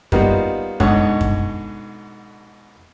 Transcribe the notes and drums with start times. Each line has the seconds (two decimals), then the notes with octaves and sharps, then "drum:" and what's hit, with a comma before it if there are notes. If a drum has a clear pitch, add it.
0.12 G3 A#3 B3 D#4 F4 F#4, drum: kick F#2
0.80 G#2 B2 D3 C#5 D#5 F#5, drum: kick F#2
1.21 drum: kick F#2